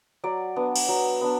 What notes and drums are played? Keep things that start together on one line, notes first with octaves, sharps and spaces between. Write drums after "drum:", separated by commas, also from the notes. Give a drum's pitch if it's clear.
F#3 D5
B3 D4
drum: cymbal
F#3
B3 D4